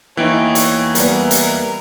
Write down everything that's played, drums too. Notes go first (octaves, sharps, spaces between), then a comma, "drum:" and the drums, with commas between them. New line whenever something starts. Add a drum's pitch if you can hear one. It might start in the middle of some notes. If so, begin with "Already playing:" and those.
E2 E3 A#3 D#4 C#5 G5
drum: hi-hat
G3 B3 A#4, drum: hi-hat
drum: hi-hat